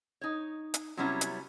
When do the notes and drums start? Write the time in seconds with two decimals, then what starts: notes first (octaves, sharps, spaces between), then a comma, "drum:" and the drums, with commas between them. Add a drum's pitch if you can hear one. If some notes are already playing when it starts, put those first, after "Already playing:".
0.21 D#4 C#5
0.74 drum: hi-hat
0.97 C3 F#3 G3 B3 C#4 E4
1.21 drum: hi-hat